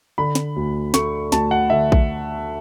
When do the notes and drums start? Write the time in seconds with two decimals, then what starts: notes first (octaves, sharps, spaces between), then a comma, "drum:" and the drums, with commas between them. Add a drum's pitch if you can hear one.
0.18 D3 B5
0.35 drum: snare
0.56 D2
0.94 A3 C#6, drum: snare
1.32 D2 A5, drum: snare
1.51 F#5
1.70 D3 E5
1.92 drum: kick A#1